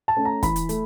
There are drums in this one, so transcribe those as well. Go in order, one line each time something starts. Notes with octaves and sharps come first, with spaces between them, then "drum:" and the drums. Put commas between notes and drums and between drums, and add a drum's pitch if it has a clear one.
A5
A3 C#4
A#5
E3 B5, drum: kick, hi-hat
drum: hi-hat
A3, drum: hi-hat